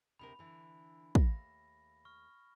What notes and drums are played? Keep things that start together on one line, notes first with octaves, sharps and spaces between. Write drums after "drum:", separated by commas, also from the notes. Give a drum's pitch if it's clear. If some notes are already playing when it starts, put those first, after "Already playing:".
D2 C3 A#4 B5
D3 E3
D#2 A3 F5 A#6, drum: kick
C#6 F6